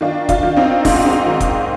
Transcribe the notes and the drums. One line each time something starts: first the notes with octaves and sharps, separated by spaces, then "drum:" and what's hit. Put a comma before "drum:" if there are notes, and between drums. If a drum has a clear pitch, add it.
D#3 D4 F4
D4 F4, drum: kick, hi-hat
D#3
C4 D#4
G#2 D#4, drum: kick, open hi-hat
F4
C4 D#4
D#3
drum: kick, hi-hat